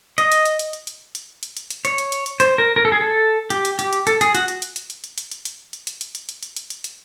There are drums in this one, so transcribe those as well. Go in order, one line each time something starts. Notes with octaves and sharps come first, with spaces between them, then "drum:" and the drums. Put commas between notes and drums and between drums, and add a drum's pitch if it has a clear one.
D#5, drum: hi-hat
drum: hi-hat
drum: hi-hat
drum: hi-hat
drum: hi-hat
drum: hi-hat
drum: hi-hat
drum: hi-hat
drum: hi-hat
drum: hi-hat
C#5, drum: hi-hat
drum: hi-hat
drum: hi-hat
drum: hi-hat
C5, drum: hi-hat
A#4
A#4
A4
G#4
A4
G4, drum: hi-hat
drum: hi-hat
G4, drum: hi-hat
drum: hi-hat
A4, drum: hi-hat
G#4, drum: hi-hat
F#4, drum: hi-hat
drum: hi-hat
drum: hi-hat
drum: hi-hat
drum: hi-hat
drum: hi-hat
drum: hi-hat
drum: hi-hat
drum: hi-hat
drum: hi-hat
drum: hi-hat
drum: hi-hat
drum: hi-hat
drum: hi-hat
drum: hi-hat
drum: hi-hat
drum: hi-hat
drum: hi-hat